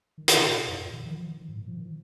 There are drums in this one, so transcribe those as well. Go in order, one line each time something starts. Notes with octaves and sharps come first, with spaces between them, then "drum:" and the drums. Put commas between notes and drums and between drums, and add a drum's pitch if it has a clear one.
D#3
D#3, drum: hi-hat
C3
A#2
F2
A#2
D#3
F3
D#3
F3
D#3
G#2
A#2
F3
D#3